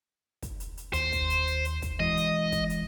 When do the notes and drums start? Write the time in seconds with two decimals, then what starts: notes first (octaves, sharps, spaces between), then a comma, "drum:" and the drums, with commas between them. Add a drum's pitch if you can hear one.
0.42 drum: kick, hi-hat
0.60 drum: hi-hat
0.77 drum: hi-hat
0.93 D#2 C5, drum: hi-hat
1.12 drum: kick, hi-hat
1.30 drum: hi-hat
1.47 drum: hi-hat
1.65 drum: hi-hat
1.82 drum: kick, hi-hat
2.00 E3 G#3 D#5
2.17 drum: hi-hat
2.52 drum: kick, hi-hat
2.70 drum: hi-hat